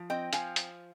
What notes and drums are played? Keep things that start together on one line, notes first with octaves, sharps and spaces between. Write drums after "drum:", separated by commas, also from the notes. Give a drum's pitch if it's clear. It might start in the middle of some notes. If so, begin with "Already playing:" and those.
Already playing: F3
C4 D#5 G5
F3 F5 G#5, drum: hi-hat
drum: hi-hat